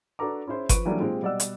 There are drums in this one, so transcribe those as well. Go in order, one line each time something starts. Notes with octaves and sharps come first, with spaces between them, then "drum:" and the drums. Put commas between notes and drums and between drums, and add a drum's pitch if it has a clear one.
D4 F#4 A4 B4 A#5 D6
C#4 E4 G#4 C5
F3 B4 C#6 D7 D#7, drum: kick G1, hi-hat
E3 F#3 G3 A#3 D4 A4
A#2 G#3 C4 F4 G4
B2 G3 D5 D#5 F#5 E6
drum: hi-hat